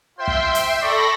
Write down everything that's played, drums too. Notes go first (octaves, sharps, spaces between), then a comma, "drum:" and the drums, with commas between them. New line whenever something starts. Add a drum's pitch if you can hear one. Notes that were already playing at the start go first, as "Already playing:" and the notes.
F4 C5 E5 G5 C6
drum: kick
drum: hi-hat
A4 D5 B5 C#6 A#6